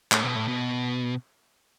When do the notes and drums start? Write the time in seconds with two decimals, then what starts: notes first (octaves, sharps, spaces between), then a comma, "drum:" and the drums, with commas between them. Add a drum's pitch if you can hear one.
0.12 A2, drum: clap
0.23 B2
0.35 A2
0.48 B2